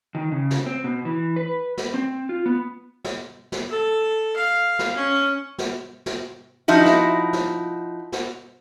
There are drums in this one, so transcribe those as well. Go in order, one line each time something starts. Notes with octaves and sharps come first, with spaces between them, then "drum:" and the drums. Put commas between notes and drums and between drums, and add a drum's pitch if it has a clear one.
D#3
C#3
drum: snare
C4
B2
E3
B4
drum: snare
C4
F4
B3
drum: snare
drum: snare
A4
F5
drum: snare
C#4
drum: snare
drum: snare
F3 D#4 E4 F#4
drum: snare
drum: snare
drum: snare